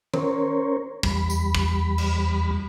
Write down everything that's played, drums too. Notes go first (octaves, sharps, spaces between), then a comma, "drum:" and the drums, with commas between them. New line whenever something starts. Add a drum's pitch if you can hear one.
C#4 A#4 C5 C#5, drum: tom
E2 G3 B5, drum: kick
drum: tambourine
drum: kick
drum: cymbal